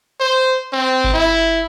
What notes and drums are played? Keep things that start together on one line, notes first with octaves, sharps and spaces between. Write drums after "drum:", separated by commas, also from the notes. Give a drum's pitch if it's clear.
C5
C4
drum: kick G1
E4